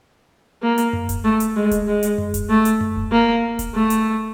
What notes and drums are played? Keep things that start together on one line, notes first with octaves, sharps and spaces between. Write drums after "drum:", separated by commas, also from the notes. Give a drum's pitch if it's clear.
A#3
drum: hi-hat
drum: tom F#2
drum: kick D#1, hi-hat
A3
drum: hi-hat
G#3
drum: kick D#1, hi-hat
G#3
drum: hi-hat
drum: tom F#2
drum: kick D#1, hi-hat
A3
drum: hi-hat
drum: tom F#2
drum: kick D#1
A#3
drum: kick D#1, hi-hat
A3
drum: hi-hat